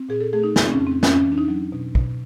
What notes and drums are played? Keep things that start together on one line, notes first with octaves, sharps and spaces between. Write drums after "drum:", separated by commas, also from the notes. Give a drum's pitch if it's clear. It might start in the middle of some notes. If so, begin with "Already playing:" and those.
Already playing: C4
A#2 G#4
A4
A3 G#4
D#4
C#3 D#4, drum: snare
C4
C#4
F2
C4
F2 C#4, drum: snare
C#4
E3
D4
D#4
F#3
B2
B2, drum: kick